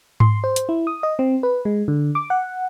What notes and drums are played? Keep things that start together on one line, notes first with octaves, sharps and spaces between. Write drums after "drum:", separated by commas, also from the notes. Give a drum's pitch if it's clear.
C6, drum: tom G#2
C5
drum: hi-hat
E4
D#6
D#5
C4
B4
G#3
D3
D6
F#5